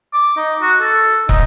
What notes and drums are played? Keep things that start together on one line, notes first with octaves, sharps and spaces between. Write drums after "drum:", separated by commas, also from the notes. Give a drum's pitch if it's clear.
D6
D#4
F#4
A4
D#4, drum: kick